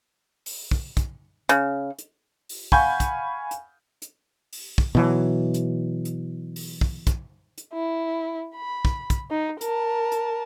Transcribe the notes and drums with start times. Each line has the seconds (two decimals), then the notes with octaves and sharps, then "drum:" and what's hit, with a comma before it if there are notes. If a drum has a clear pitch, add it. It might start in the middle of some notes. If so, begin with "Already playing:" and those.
0.46 drum: open hi-hat
0.71 drum: kick
0.97 drum: kick, hi-hat
1.49 C#3, drum: hi-hat
1.98 drum: hi-hat
2.49 drum: open hi-hat
2.72 F5 F#5 G#5 B5 C#6 G6, drum: kick
3.00 drum: kick, hi-hat
3.51 drum: hi-hat
4.02 drum: hi-hat
4.53 drum: open hi-hat
4.78 drum: kick
4.95 B2 E3 F#3
5.54 drum: hi-hat
6.05 drum: hi-hat
6.56 drum: open hi-hat
6.81 drum: kick
7.07 drum: kick, hi-hat
7.58 drum: hi-hat
7.73 E4
8.56 B5
8.85 drum: kick
9.10 drum: kick, hi-hat
9.31 D#4
9.61 A#4 A5, drum: hi-hat
10.12 drum: hi-hat